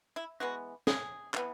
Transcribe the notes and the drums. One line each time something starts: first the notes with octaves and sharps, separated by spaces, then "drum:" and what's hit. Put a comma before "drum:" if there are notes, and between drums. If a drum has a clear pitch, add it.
E4
E3 G#3 B3 F#4
G#4, drum: snare
E3 B3, drum: clap